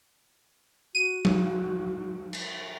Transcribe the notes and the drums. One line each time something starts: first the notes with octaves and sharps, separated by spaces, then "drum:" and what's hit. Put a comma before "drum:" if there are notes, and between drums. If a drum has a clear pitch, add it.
F#4 D#7
drum: tom F#3
drum: cymbal